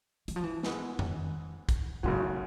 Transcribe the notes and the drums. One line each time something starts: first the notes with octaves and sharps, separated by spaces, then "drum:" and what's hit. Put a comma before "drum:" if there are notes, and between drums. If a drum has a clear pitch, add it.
E3, drum: hi-hat
F3
E3
G#2 E3 G#3 B3, drum: snare
D#3, drum: tom F2
drum: kick, hi-hat
G#1 F#2 A2 C#3 F#3